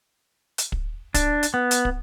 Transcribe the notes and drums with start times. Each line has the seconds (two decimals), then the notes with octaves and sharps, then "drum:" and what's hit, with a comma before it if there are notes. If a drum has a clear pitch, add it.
0.58 drum: hi-hat
0.72 drum: kick
1.14 D4, drum: kick, hi-hat
1.43 drum: hi-hat
1.54 B3
1.71 drum: hi-hat
1.85 drum: kick